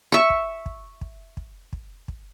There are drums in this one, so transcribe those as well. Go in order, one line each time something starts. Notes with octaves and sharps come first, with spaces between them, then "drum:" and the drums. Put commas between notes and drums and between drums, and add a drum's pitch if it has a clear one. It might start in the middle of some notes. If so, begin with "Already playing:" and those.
E5 C#6
drum: kick
drum: kick
drum: kick
drum: kick
drum: kick
drum: kick